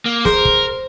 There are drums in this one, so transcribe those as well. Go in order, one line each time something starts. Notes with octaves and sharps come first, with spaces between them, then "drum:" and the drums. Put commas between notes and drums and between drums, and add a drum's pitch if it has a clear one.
A#3
G#4 A#4 C5, drum: snare
drum: kick